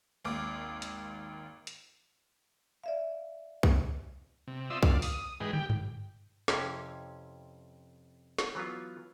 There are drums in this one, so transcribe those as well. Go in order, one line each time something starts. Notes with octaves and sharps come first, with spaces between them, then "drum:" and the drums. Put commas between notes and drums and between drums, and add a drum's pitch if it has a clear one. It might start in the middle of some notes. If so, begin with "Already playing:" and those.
G#1 D#2 D6
drum: hi-hat
drum: hi-hat
D5 E5 F5
drum: kick C2
C3
F4 C5 D5 E5 D#6 E6
D5 F5, drum: kick C2
D#6, drum: open hi-hat
G#2 E3 G#4 B4 D#5 G5
G4 G5, drum: tom
drum: tom G2
F2 C3 C#4 E4, drum: snare
drum: snare
E3 F#3 B3 F4